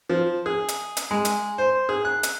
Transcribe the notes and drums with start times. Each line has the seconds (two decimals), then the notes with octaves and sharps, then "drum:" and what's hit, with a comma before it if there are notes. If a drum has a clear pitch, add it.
0.09 F3
0.46 G#4
0.68 drum: hi-hat
0.97 drum: hi-hat
1.11 G#3
1.25 drum: hi-hat
1.58 C5
1.89 G#4
2.05 F#6
2.23 drum: hi-hat